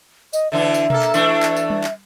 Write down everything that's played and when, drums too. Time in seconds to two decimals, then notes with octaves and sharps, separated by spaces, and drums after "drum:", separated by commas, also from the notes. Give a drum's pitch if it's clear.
0.33 D#5, drum: tambourine
0.52 D3 E3 D4 E5
0.74 drum: tambourine
0.90 A#3 A4, drum: tom B2
1.02 drum: clap
1.14 E3 A3 D4, drum: tambourine
1.43 drum: clap
1.56 drum: tambourine
1.70 drum: tom G3
1.84 drum: clap